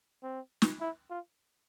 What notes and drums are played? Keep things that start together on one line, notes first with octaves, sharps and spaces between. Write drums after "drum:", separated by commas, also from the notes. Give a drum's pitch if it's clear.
C4
drum: snare
E4
F4